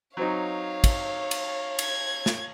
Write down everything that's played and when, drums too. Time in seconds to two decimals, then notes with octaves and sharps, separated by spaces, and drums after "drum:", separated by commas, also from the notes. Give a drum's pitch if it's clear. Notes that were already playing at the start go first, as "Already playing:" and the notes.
0.17 F#3 C4 D#4 C#5 F5
0.84 drum: kick, cymbal
1.31 drum: cymbal
1.79 G#6, drum: cymbal
2.26 drum: snare